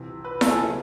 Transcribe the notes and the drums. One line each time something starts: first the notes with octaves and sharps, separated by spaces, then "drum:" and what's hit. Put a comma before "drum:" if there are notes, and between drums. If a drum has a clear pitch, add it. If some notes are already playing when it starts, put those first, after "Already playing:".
Already playing: C2 C3 E3
B4
A4, drum: snare E4
G#4
C#3 F#3 B3 E4